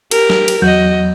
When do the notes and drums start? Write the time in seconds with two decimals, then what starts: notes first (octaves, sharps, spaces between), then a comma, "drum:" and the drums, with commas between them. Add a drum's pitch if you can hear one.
0.11 G4 A#4, drum: cymbal
0.30 drum: snare
0.48 drum: cymbal
0.62 E2 F#3 F#4 D#5 G6